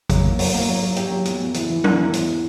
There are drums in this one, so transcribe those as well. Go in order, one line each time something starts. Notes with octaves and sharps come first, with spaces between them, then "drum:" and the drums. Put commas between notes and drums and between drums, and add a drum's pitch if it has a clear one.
F#3, drum: kick, hi-hat
A#3
F#3, drum: open hi-hat
A#3
F#3
F#3
G4, drum: hi-hat
F#3
E2, drum: hi-hat
E2
E3, drum: hi-hat
E3
E2, drum: tom F#3
E3
E2, drum: hi-hat